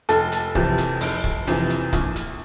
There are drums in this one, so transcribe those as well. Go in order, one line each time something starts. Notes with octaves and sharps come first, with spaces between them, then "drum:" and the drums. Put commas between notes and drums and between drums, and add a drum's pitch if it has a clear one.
F1 A4, drum: hi-hat
drum: hi-hat
F2 C3 E3, drum: kick C#1
drum: hi-hat
F1, drum: open hi-hat
drum: kick C#1
F2 C3 E3, drum: hi-hat
drum: hi-hat
A#1, drum: kick C#1, hi-hat
drum: hi-hat